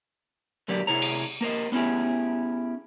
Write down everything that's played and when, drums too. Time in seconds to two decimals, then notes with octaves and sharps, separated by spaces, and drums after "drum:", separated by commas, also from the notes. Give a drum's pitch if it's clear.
0.68 B1 D3 F#3 A#3 G4 D5
0.87 C3 E4 G#4 C#5 A#5
1.02 drum: cymbal
1.41 A#3 A#4 C5 D#5
1.72 B3 C#4 E4 G4 G#4